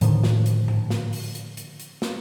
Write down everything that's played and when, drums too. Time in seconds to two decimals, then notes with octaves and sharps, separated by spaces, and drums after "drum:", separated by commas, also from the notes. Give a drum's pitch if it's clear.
0.01 A2 D3 D#3 F3, drum: hi-hat
0.24 drum: snare
0.46 drum: hi-hat
0.68 drum: tom G#2
0.90 drum: snare
1.13 drum: open hi-hat
1.35 drum: hi-hat
1.57 drum: hi-hat
1.80 drum: hi-hat
2.02 drum: snare